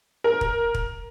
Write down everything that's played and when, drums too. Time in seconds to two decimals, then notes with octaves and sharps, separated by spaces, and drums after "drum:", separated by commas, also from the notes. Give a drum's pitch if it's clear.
0.24 A#4
0.41 drum: kick
0.75 drum: kick